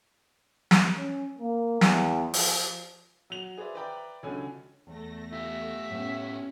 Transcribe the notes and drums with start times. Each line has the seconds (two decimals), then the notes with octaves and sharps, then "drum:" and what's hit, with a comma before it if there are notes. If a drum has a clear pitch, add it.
0.71 drum: snare
0.97 C#4
1.39 A#3
1.81 E2, drum: snare
2.34 F3, drum: open hi-hat
3.30 F#3 F7
3.57 G#4 B4 C5 D5 E5
3.75 B4 D5 E5 G5 A#5 B5
4.23 C#2 D3 F#3 C#4 G#5
4.87 E2 A3 A#6
5.33 F4 G4 E5
5.90 A2 A3 B3 C#4